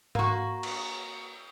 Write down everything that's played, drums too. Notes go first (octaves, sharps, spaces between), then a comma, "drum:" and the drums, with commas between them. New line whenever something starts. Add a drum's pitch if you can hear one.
A#3 F#4, drum: tom G#2
drum: cymbal